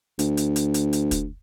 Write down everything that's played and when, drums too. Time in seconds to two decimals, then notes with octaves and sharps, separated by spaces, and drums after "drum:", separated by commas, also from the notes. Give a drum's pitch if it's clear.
0.19 D2, drum: hi-hat
0.37 drum: hi-hat
0.56 drum: hi-hat
0.74 drum: hi-hat
0.93 drum: hi-hat
1.11 drum: kick, hi-hat